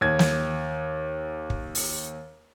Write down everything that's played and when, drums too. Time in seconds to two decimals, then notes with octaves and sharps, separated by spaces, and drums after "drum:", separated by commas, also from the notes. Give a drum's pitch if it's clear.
0.01 D#2 G#6
0.19 drum: snare
1.50 drum: kick
1.75 drum: open hi-hat